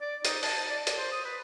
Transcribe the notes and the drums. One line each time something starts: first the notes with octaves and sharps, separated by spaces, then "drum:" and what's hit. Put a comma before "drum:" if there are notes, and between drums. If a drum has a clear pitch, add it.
D5
D#4, drum: hi-hat
A5, drum: open hi-hat
D5
drum: hi-hat
C5
D#6
B4